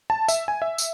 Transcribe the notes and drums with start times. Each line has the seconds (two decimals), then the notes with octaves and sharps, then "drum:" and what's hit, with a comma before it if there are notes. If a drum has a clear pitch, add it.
0.10 A5
0.28 E5, drum: tambourine
0.48 G#5
0.62 E5
0.78 drum: tambourine